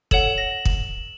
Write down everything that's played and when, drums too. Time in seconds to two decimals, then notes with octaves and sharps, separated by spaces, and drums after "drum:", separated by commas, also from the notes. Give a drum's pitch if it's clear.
0.11 A4 C#5 F#5 E7 F#7, drum: kick
0.38 A#6
0.65 drum: kick